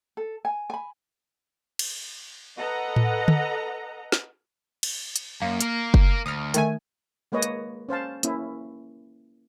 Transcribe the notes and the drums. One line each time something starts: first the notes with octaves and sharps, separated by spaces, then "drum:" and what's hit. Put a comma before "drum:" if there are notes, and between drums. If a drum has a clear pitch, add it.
A4
G#5
G#5 B5
drum: cymbal
A4 B4 D#5 F#5 A#5
drum: tom A2
drum: tom D3
drum: snare
drum: cymbal
drum: hi-hat
F#2 A#3
A#4 F5, drum: hi-hat
drum: kick F#1
D2 D#6 F6
D#3 A3 G#5, drum: hi-hat
G#3 A#3 B4 C#5 D#5
drum: hi-hat
C#4 C5 F5 A5
A#3 C#4 E4, drum: hi-hat